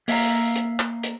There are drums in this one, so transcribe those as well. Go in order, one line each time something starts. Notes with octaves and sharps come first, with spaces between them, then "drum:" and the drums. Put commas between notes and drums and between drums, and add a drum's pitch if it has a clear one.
A#3 E5 F5 A#5, drum: open hi-hat
drum: hi-hat
drum: clap
drum: hi-hat